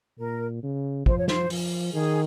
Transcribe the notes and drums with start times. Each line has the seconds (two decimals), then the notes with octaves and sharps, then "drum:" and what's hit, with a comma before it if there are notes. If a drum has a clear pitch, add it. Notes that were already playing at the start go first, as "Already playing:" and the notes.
0.19 A#2 A#4
0.63 C#3
1.06 F3 C5, drum: kick
1.17 C#5
1.28 C5, drum: snare
1.50 F3, drum: open hi-hat
1.94 D#3 G#4